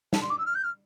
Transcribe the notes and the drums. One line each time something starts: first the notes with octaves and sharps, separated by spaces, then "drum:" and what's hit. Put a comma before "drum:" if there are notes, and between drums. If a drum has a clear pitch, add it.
A5, drum: snare
C6
D6
E6
F6
G6
F6